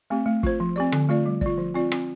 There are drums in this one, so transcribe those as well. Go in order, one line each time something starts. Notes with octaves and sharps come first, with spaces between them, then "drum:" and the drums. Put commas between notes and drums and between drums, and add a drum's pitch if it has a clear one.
A3 C4 G4
A3
F4 C5, drum: kick
F3
C4 G4 D5
D3, drum: rim click
A3 F4 D5
G3
F4 D5, drum: kick
F3
C4 F4 D5
C4, drum: rim click